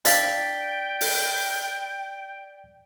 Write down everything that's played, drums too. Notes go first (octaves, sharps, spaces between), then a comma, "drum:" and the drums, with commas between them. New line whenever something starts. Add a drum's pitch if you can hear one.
D4 D5 F5 G5 A6 B6, drum: hi-hat
drum: open hi-hat